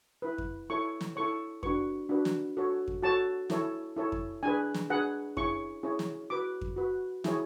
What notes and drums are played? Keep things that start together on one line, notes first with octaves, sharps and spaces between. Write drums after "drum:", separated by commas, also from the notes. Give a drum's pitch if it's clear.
E4 B4
drum: kick F2
E4 A4 C#5 C#6
drum: snare
E4 A4 C#5 C#6
D4 F#4 B4 C#6, drum: kick F2
D4 F#4 B4
drum: snare
F#4 A4 C#5
drum: kick F2
F#4 A4 C#5 A5
E4 A4 C#5, drum: snare
E4 A4 C#5
drum: kick F2
D4 G#4 B4 G#5
drum: snare
D4 G#4 B4 F#5
C#4 E4 G#4 C#5 C#6, drum: kick F2
C#4 E4 G#4 C#5
drum: snare
F#4 B4 D6
drum: kick F2
F#4 B4
E4 G#4 C#5, drum: snare